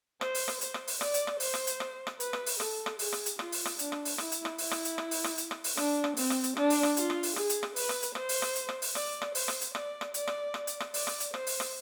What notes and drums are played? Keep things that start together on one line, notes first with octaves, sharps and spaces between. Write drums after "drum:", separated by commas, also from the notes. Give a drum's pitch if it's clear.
C5, drum: rim click
drum: open hi-hat
drum: rim click
C5, drum: hi-hat
drum: rim click
drum: open hi-hat
D5, drum: rim click
drum: hi-hat
drum: rim click
C5, drum: open hi-hat
drum: rim click
drum: hi-hat
drum: rim click
drum: rim click
B4, drum: hi-hat
drum: rim click
drum: open hi-hat
A4, drum: rim click
drum: rim click
G#4, drum: open hi-hat
drum: rim click
drum: hi-hat
F4, drum: rim click
drum: open hi-hat
drum: rim click
D4, drum: hi-hat
drum: rim click
drum: open hi-hat
E4, drum: rim click
drum: hi-hat
drum: rim click
E4, drum: open hi-hat
drum: rim click
drum: hi-hat
drum: rim click
drum: open hi-hat
drum: rim click
drum: hi-hat
drum: rim click
drum: open hi-hat
D4, drum: rim click
drum: rim click
C4, drum: open hi-hat
drum: rim click
drum: hi-hat
D4, drum: rim click
drum: open hi-hat
drum: rim click
F4, drum: hi-hat
drum: rim click
drum: open hi-hat
G#4, drum: rim click
drum: hi-hat
drum: rim click
B4, drum: open hi-hat
drum: rim click
drum: hi-hat
C5, drum: rim click
drum: open hi-hat
drum: rim click
drum: hi-hat
drum: rim click
drum: open hi-hat
D5, drum: rim click
drum: rim click
C5, drum: open hi-hat
drum: rim click
drum: hi-hat
D5, drum: rim click
drum: rim click
D5, drum: hi-hat
drum: rim click
drum: rim click
drum: hi-hat
drum: rim click
D5, drum: open hi-hat
drum: rim click
drum: hi-hat
C5, drum: rim click
drum: open hi-hat
drum: rim click